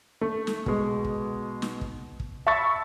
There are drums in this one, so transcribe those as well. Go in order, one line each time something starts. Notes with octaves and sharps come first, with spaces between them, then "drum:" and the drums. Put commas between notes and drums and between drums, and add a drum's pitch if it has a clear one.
A3
drum: snare
B2 G#3, drum: kick
drum: kick
drum: snare
drum: kick
drum: kick
E5 A5 B5 C#6 E6 A6